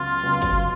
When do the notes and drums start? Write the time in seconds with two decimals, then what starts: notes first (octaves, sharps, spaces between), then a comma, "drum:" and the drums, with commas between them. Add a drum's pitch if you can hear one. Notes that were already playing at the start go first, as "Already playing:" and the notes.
Already playing: C#2 C#3 F#3 B3 F4
0.23 C#2 C#3 F#3 B3
0.42 drum: kick, hi-hat